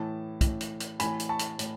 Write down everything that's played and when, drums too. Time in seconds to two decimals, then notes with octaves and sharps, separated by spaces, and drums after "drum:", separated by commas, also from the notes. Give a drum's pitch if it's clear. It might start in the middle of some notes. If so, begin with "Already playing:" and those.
Already playing: A2 E3 A5
0.41 A2 E3, drum: kick, hi-hat
0.61 drum: hi-hat
0.80 drum: hi-hat
1.00 A2 E3 G#5 B5, drum: hi-hat
1.20 drum: hi-hat
1.29 A5 C#6
1.39 drum: hi-hat
1.59 A2, drum: hi-hat